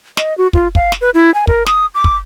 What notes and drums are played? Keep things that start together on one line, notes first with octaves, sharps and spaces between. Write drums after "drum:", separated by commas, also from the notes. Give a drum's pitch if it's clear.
D#5, drum: snare
F#4
F4, drum: kick
F5, drum: kick
drum: snare
B4
E4
G#5
A#4, drum: kick
D#6, drum: snare
D6
drum: kick